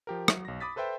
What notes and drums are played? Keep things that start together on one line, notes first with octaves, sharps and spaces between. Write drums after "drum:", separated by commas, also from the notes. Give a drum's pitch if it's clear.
F3 G4 A#4
F#3, drum: rim click
B1 A#6
B5 D6 D#6 A6 B6
A4 B4 C5 E5 G5